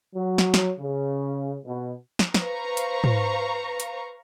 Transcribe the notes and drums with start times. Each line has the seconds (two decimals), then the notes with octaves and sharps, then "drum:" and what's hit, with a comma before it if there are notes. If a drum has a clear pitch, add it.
0.15 F#3
0.38 drum: snare
0.54 drum: snare
0.79 C#3
1.65 B2
2.19 drum: snare
2.34 B4 C5 F5 A#5 C#6, drum: snare
2.77 drum: hi-hat
3.04 drum: tom
3.80 drum: hi-hat